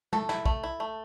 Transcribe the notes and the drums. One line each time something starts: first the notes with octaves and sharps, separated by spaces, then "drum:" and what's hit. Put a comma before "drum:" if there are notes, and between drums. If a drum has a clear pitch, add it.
A3 A4, drum: tom
E4, drum: snare
A3, drum: kick
E4
A3